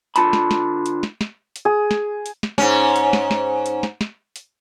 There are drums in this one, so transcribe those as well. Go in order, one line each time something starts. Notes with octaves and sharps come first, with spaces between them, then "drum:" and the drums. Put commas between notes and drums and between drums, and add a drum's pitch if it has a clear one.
D3 F4 A5 B5, drum: hi-hat
drum: snare
drum: snare
drum: hi-hat
drum: snare
drum: snare
drum: hi-hat
G#4
drum: snare
drum: hi-hat
drum: snare
G#2 C#4, drum: snare
drum: hi-hat
drum: snare
drum: snare
drum: hi-hat
drum: snare
drum: snare
drum: hi-hat